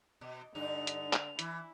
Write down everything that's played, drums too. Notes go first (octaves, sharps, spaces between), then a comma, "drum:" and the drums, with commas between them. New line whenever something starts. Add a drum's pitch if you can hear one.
B2
G2 D3 D#4 F7
drum: hi-hat
drum: clap
E3 E4, drum: hi-hat